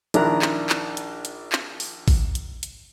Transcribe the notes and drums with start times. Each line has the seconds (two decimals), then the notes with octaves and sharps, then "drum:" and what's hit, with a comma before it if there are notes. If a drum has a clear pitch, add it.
0.14 A#1 D#3 D4 E4 A#5 F#6, drum: hi-hat
0.42 drum: clap
0.69 drum: clap
0.97 drum: hi-hat
1.25 drum: hi-hat
1.52 drum: clap
1.80 drum: open hi-hat
2.08 drum: kick, open hi-hat
2.35 drum: hi-hat
2.63 drum: hi-hat